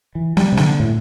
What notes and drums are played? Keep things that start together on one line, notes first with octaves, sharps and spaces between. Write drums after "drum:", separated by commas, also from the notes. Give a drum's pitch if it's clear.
E3
G3, drum: snare
C3
D3, drum: snare
A2